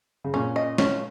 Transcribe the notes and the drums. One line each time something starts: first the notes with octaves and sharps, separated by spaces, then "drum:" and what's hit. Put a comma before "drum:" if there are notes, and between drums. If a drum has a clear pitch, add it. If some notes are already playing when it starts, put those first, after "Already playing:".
C#3
A#2 C#4
D#5
C#4, drum: snare